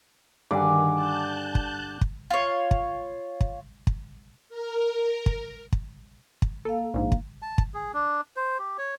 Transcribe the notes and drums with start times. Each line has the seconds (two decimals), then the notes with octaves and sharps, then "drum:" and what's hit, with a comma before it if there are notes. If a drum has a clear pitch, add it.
0.51 G2 D3 D#3 D5 F#5 G#5
0.93 A5 F#6 G6
1.55 drum: kick
2.01 drum: kick
2.30 F4 C#5
2.71 drum: kick
3.41 drum: kick
3.87 drum: kick
4.49 A#4
5.26 drum: kick
5.72 drum: kick
6.42 drum: kick
6.65 A#3 A4 F5
6.94 A#1 G#2
7.12 drum: kick
7.42 A5
7.58 drum: kick
7.74 G#4
7.93 D4
8.36 C5
8.59 G4
8.78 C#5